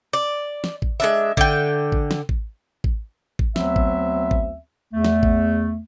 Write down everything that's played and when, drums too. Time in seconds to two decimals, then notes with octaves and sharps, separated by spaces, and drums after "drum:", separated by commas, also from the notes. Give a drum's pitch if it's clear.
0.13 D5
0.64 drum: snare
0.82 drum: kick A1
1.00 G#3 D4 E5
1.37 D3 G5, drum: kick A1
1.92 drum: kick A1
2.11 drum: snare
2.29 drum: kick A1
2.84 drum: kick A1
3.39 drum: kick A1
3.56 D2 F#3 B3 C4 E5, drum: snare
3.76 drum: kick A1
4.31 drum: kick A1
4.94 E2 A3
5.04 drum: snare
5.23 drum: kick A1